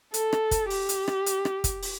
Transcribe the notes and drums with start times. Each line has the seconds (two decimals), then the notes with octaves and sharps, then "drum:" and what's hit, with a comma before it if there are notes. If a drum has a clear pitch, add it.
0.14 A4, drum: hi-hat
0.33 drum: rim click
0.51 drum: kick, hi-hat
0.70 G4, drum: open hi-hat
0.89 drum: hi-hat
1.08 drum: rim click
1.26 drum: hi-hat
1.45 drum: rim click
1.64 drum: kick, hi-hat
1.83 drum: open hi-hat